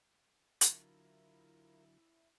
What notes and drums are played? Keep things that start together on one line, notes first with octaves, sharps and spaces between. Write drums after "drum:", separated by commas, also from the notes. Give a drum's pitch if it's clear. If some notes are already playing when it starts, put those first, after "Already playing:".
D3 F#3 E4 F4 A#4 A5, drum: hi-hat